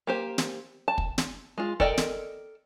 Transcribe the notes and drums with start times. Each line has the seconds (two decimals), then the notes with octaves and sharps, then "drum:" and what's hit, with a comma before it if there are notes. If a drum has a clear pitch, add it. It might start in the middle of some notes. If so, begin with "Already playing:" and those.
0.07 A#3 G4 C5
0.38 drum: snare
0.88 A5
0.98 drum: kick
1.18 drum: snare
1.58 G#3 F4
1.80 A4 A#4 D5 D#5 G5, drum: kick
1.97 drum: snare